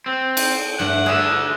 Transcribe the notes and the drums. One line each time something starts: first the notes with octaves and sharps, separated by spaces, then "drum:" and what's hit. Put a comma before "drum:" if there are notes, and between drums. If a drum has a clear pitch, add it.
C4
drum: cymbal
G2 A3 F#5
D3 G#4 A4 E5